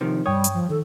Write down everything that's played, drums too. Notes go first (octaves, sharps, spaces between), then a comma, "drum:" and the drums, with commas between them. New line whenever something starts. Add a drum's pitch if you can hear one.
C3 D#3 F3
G2 G3 C#5 G5 D#6
drum: hi-hat
F3
D#3 A4